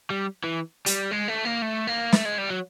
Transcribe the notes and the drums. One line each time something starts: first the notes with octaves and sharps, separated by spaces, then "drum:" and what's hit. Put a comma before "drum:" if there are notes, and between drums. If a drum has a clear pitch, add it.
G3
E3
G3, drum: hi-hat
G#3
A3
A#3
A3
A#3
A3, drum: snare
G#3
G3
F#3